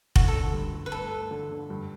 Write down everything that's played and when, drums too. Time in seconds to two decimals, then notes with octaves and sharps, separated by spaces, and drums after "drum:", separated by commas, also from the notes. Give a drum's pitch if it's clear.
0.16 D3 F#4, drum: kick F1
0.28 A4
0.34 D3
0.54 G2
0.73 G2
0.86 B4
0.92 A3 A4
1.11 A3
1.31 D3
1.51 D3
1.70 G2